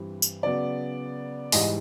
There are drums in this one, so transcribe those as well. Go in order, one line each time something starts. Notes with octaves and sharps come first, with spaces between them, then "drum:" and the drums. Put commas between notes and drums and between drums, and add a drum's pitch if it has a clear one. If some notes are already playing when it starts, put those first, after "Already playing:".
Already playing: G2 E3 G3 C4
drum: tambourine
C#3 F#3 B3 D5
G#2 E3 G3 D#5, drum: open hi-hat